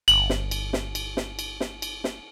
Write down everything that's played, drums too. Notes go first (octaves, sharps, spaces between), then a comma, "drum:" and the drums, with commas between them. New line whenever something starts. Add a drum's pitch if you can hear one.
G1 F#7, drum: cymbal
drum: snare
drum: cymbal
drum: snare
drum: cymbal
drum: snare
drum: cymbal
drum: snare
drum: cymbal
drum: snare